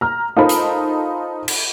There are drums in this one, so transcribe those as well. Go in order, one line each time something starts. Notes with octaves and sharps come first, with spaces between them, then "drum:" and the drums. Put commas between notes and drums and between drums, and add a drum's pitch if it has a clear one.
A#5 F6
D#4 F4 A4 A#4 C5 B5
drum: hi-hat
drum: cymbal